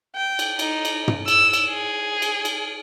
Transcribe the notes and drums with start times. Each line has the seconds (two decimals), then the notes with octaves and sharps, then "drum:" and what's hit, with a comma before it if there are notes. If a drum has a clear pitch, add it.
0.16 G5
0.39 drum: cymbal
0.59 D#4, drum: cymbal
0.85 drum: cymbal
1.08 drum: tom
1.28 E6, drum: cymbal
1.53 drum: cymbal
1.70 G#4
2.22 drum: cymbal
2.45 drum: cymbal